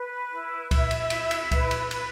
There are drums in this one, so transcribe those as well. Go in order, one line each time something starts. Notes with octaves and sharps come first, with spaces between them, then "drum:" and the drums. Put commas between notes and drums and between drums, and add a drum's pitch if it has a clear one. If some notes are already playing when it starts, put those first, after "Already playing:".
Already playing: B4
E4
E4 E5, drum: kick C#2, cymbal
drum: cymbal
E4, drum: cymbal
drum: cymbal
B4, drum: kick C#2, cymbal
drum: cymbal
B4, drum: cymbal